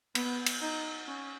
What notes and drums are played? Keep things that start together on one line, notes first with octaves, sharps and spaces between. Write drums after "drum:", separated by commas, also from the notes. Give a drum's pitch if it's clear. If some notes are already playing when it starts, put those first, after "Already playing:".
B3, drum: cymbal
drum: cymbal
D#4
C#4